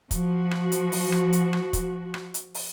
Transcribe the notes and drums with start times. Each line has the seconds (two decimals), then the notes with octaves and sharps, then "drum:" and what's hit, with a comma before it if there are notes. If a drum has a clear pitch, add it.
0.11 F3 F#4, drum: kick, hi-hat
0.51 drum: rim click
0.72 drum: hi-hat
0.92 drum: open hi-hat
1.12 drum: rim click
1.33 drum: hi-hat
1.53 drum: rim click
1.73 drum: kick, hi-hat
2.14 drum: rim click
2.34 drum: hi-hat
2.54 drum: open hi-hat